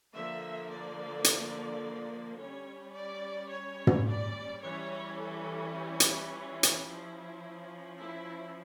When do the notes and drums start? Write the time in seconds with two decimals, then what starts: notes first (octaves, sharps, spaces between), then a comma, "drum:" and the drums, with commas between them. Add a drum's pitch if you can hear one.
0.14 D3 F3 A#3 E5
0.70 D5
1.24 drum: hi-hat
2.37 G3 C#4 C#5
2.94 D5
3.49 C#5
3.87 drum: tom
4.06 D5
4.62 E3 G3 C#4 C#5
5.18 A4
5.73 G4
6.00 drum: hi-hat
6.30 F4
6.63 drum: hi-hat
6.85 F3 C#4 E4
7.98 E4